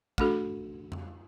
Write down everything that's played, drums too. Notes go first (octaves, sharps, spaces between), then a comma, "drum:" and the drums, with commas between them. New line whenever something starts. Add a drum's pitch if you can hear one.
A3 D4 F#4 A4, drum: kick
drum: tom F2